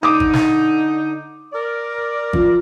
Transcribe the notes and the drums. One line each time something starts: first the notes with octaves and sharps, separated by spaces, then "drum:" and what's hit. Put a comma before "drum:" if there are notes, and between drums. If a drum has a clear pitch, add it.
D3 D#4 D6 D#6
drum: kick G#1
drum: snare
A#4 D5
F3, drum: kick G#1